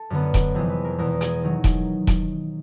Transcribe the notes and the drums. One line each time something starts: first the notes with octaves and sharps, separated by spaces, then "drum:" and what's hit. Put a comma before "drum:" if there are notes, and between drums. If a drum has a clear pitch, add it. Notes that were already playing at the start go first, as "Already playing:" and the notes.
Already playing: A4
F#2 D3 F#3 B3
drum: kick E1, hi-hat
F2 C3 E3 G#3 G#4
B4
A#4
E2 B2 G#3 B3 A#4
G#4, drum: hi-hat
D#3 F#3
drum: kick E1, hi-hat
drum: kick E1, hi-hat